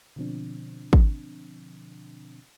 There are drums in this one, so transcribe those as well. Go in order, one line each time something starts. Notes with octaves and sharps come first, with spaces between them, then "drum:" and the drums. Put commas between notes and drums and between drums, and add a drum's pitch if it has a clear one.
B2 D3 F3 C4 D4
drum: kick